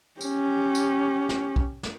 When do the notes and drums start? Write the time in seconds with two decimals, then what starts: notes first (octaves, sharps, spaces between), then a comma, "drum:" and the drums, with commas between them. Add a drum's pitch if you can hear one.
0.21 C#4 G4, drum: tambourine
0.75 drum: tambourine
1.29 drum: snare
1.56 drum: kick
1.83 drum: snare